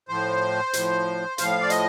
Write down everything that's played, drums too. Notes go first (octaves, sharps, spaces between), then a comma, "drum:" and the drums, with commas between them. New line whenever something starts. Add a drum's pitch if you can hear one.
A2 F3 C5
A2 F3, drum: hi-hat
A2 F3 F5, drum: hi-hat
D5
D#5, drum: hi-hat